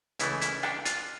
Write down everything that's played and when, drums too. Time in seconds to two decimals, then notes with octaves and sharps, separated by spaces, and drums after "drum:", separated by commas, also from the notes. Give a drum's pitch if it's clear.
0.19 C#2 C#3 E3 A3 E4, drum: hi-hat
0.41 E4, drum: hi-hat
0.63 D4, drum: rim click
0.85 F4, drum: hi-hat